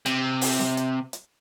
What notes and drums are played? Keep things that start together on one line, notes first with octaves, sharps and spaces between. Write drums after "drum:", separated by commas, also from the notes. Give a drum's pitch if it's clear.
C3, drum: hi-hat
drum: open hi-hat
drum: snare C4
drum: hi-hat
drum: hi-hat